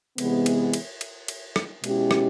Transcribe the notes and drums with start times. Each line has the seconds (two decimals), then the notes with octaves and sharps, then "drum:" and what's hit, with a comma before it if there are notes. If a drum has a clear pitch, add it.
0.18 C3 E3 G#3 B3, drum: cymbal
0.46 drum: cymbal
0.74 drum: cymbal
1.01 drum: cymbal
1.28 drum: cymbal
1.56 drum: rim click
1.84 B2 G#3 C#4 E4 G4, drum: cymbal
2.11 drum: rim click